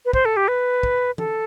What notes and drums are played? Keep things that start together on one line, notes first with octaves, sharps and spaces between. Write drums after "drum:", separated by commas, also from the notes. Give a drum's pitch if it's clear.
B4
C5, drum: kick
A4
G4
B4
drum: kick
A4, drum: tom E3